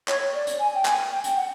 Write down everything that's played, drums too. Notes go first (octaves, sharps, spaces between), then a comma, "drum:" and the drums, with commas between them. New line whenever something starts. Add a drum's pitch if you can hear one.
C#5, drum: clap
D5
drum: hi-hat
G#5
G5
G#5, drum: clap
G5
drum: hi-hat
F#5